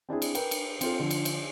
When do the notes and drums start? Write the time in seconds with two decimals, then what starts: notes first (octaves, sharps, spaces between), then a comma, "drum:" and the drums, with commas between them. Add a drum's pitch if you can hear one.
0.09 C4 D4 E4 G#4
0.22 drum: cymbal
0.35 A#4 B4 G5, drum: cymbal
0.51 drum: cymbal
0.81 C4 F4 A4, drum: cymbal
0.99 D3 F3
1.11 drum: cymbal
1.25 drum: cymbal